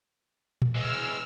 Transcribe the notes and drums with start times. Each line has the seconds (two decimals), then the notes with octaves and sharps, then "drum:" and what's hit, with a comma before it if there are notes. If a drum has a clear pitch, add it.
0.62 drum: tom A#2
0.75 E3 G#3 E6 F6